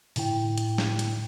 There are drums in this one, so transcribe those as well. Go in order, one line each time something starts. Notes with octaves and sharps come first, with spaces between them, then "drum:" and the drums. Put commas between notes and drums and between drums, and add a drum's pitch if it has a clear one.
A2 D3 E4 G5, drum: open hi-hat
drum: hi-hat
drum: snare
drum: hi-hat